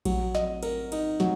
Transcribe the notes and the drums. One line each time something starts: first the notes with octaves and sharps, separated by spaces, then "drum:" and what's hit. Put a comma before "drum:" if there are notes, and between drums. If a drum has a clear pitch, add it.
F#3, drum: kick A#1, cymbal
D#5, drum: snare
A#4, drum: cymbal
D#4, drum: cymbal
F#3, drum: snare